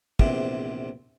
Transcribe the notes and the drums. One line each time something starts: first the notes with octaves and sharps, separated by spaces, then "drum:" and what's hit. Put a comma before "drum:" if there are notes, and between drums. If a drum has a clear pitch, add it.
A#1 E2 C3, drum: kick